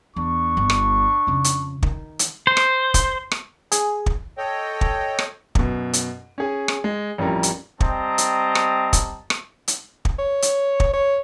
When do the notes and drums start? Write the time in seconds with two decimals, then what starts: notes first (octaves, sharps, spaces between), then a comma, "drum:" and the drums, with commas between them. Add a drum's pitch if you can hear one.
0.16 E2 D4 C#6
0.57 G1
0.70 drum: rim click
1.27 F2 C#3
1.44 drum: hi-hat
1.83 D#3, drum: kick
2.19 drum: hi-hat
2.47 C5
2.57 drum: rim click
2.94 drum: kick, hi-hat
3.31 drum: rim click
3.72 G#4, drum: hi-hat
4.06 drum: kick
4.38 A4 C#5 D#5 G5
4.81 drum: kick
5.19 drum: rim click
5.55 F#2 B2, drum: kick
5.93 drum: hi-hat
6.38 C#4 G#4
6.68 drum: rim click
6.84 G#3
7.18 A1 F2 G3 C#4 A#4
7.43 drum: hi-hat
7.80 G3 C4 D#5 A5 A#5, drum: kick
8.18 drum: hi-hat
8.55 drum: rim click
8.93 drum: kick, hi-hat
9.30 drum: rim click
9.68 drum: hi-hat
10.05 drum: kick
10.19 C#5
10.42 drum: hi-hat
10.80 drum: kick
10.93 C#5